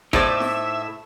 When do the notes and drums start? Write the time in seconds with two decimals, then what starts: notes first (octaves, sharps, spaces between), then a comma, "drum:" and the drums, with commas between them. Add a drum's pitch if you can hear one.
0.13 A2 D#4 C5 D5 E5, drum: kick
0.40 drum: snare E4